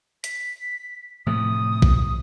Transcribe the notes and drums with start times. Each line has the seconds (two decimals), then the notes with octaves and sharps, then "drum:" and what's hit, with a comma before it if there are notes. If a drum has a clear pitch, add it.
0.24 B6, drum: hi-hat
1.26 A2 C3 F3 D#6
1.82 drum: kick A#1